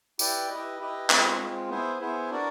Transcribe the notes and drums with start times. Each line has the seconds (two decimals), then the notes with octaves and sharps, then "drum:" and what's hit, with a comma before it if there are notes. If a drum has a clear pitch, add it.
0.19 E4 G4 B4 D5 G5, drum: tambourine
0.49 E4 G4 B4 D#5
0.79 E4 G4 B4 D#5
1.10 G#3 C4 F4, drum: clap
1.40 G#3 C4 F4
1.69 B3 E4 G#4 C5
2.00 B3 E4 G#4 C5
2.30 D4 F#4 A#4 D5